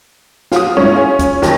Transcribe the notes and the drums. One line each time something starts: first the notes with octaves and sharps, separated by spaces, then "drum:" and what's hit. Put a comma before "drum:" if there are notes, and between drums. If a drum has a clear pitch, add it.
F4 F#4 D#6, drum: snare
G#2 C#4 E4
E4 F4 G#4
drum: kick, hi-hat
D#2, drum: snare